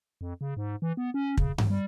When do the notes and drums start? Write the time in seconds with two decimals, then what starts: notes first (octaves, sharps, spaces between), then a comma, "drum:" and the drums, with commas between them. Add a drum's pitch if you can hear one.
0.21 F2
0.41 C#3
0.57 G#2
0.82 E3
0.97 B3
1.14 C#4
1.37 C#3, drum: kick
1.58 B1, drum: tom G2
1.70 G3